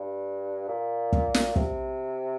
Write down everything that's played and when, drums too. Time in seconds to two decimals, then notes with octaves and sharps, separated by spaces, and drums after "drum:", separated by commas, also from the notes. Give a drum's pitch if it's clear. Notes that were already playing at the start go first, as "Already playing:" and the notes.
Already playing: G2
0.69 A#2
1.13 drum: kick
1.34 drum: snare
1.56 C3, drum: kick